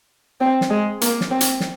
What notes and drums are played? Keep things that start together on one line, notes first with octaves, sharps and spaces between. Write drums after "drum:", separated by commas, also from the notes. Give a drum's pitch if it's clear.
C4
drum: snare
G#3
A#3, drum: hi-hat
drum: snare
C4
drum: hi-hat
drum: snare